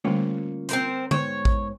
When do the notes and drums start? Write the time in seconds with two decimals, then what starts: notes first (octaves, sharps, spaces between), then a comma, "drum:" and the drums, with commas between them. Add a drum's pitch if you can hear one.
0.05 D3 G3 A3 A#3 C#4 F4
0.69 C4 A#4 C5, drum: hi-hat
1.11 G#2 B3 C5 C#5, drum: tom D3
1.45 drum: kick A1